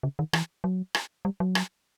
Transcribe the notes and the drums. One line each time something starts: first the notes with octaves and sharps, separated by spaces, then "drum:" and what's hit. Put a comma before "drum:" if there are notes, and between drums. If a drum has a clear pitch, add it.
C#3
D#3
E3, drum: rim click
F#3
drum: rim click
G3
F#3
drum: rim click